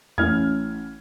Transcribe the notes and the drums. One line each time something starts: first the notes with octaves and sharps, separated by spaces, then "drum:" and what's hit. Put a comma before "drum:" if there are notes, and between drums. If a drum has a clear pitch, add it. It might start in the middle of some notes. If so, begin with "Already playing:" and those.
A1 C#4 E4 F6 G#6, drum: tom E2